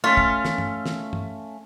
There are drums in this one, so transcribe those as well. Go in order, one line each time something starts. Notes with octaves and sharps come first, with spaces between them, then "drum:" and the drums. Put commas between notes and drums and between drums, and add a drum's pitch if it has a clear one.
A3 C#4 F4
drum: kick
drum: snare
drum: tom
drum: snare
drum: tom